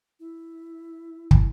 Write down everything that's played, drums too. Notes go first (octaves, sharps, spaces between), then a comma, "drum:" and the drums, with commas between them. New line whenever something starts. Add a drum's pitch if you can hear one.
E4
drum: kick